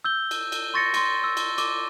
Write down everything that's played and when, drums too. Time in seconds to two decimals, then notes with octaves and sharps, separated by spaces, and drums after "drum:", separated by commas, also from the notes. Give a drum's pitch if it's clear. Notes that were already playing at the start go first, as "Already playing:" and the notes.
0.04 E6 G6 G7
0.31 drum: cymbal
0.52 drum: cymbal
0.74 C6 C#6 A6 A#6 C#7
0.94 C6 A#6, drum: cymbal
1.24 E6
1.37 drum: cymbal
1.58 D6, drum: cymbal